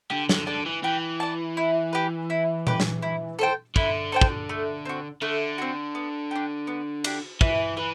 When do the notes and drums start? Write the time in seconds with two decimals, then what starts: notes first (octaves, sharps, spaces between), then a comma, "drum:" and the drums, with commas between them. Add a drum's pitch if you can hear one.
0.10 D3 G4
0.29 D3, drum: snare
0.47 D3 D5 A5
0.66 E3
0.83 E3 G4
1.20 D5 A5
1.57 E4
1.93 G4 B4
2.30 E4
2.67 G4 B4, drum: tom A#2
2.80 drum: snare
3.02 E4
3.39 A4 C5 G5
3.76 D3 E4, drum: kick
4.12 A4 C5 G5
4.21 drum: kick
4.49 A3
4.85 C4 F#4
5.22 D3 A3
5.58 C4 F#4
5.95 B3
6.31 D4 G4
6.67 B3
7.04 D4 G4, drum: cymbal
7.41 E3 E4, drum: kick
7.77 E3 B4